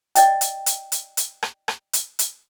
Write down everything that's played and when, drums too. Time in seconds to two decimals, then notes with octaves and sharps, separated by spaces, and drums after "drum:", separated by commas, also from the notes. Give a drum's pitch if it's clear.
0.15 D5 D#5 G5, drum: hi-hat
0.41 drum: hi-hat
0.66 drum: hi-hat
0.92 drum: hi-hat
1.17 drum: hi-hat
1.43 drum: rim click
1.68 drum: rim click
1.93 drum: hi-hat
2.19 drum: hi-hat